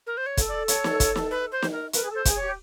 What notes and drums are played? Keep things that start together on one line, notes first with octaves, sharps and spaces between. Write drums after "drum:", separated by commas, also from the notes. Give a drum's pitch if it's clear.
A#4
C5
C#5
A4, drum: kick, hi-hat
D5
C#5, drum: hi-hat
drum: snare
drum: kick, hi-hat
drum: snare
B4
C5
drum: snare
A#4
A#4 B4, drum: hi-hat
G#4
A4
C5
G#4, drum: kick, hi-hat
G4 C#5